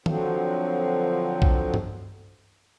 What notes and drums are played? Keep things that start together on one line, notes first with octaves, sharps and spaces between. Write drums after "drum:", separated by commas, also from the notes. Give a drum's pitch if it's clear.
D3 F3 F#3 C4, drum: tom
drum: kick B1
drum: tom G2